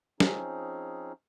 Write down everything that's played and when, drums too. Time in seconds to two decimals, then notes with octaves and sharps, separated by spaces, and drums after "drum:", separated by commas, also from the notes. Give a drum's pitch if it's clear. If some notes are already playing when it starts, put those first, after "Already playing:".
0.20 F3 C4 C#4 D#4 G#4, drum: snare